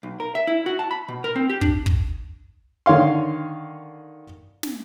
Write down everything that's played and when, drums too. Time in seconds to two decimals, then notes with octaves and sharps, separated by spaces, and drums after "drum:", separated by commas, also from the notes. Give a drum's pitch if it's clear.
0.03 B1
0.20 A#4
0.35 E5
0.47 E4
0.66 F#4
0.79 A5
0.91 B5
1.08 B2
1.24 A#4
1.36 C4
1.50 G4
1.61 D4, drum: kick
1.86 drum: kick
2.86 D3 D#3 C#5 F5 C6
4.63 drum: snare